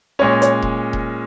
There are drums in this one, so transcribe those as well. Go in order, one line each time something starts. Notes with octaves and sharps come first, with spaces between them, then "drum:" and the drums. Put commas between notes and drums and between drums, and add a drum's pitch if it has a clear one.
A#2 G#3 C#4 C#5
C#5, drum: hi-hat
drum: kick E1
drum: kick E1